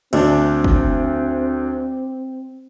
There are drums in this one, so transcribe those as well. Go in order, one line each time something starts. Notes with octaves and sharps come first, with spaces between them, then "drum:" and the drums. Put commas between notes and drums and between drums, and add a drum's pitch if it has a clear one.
D2 C4 D4, drum: cymbal
drum: kick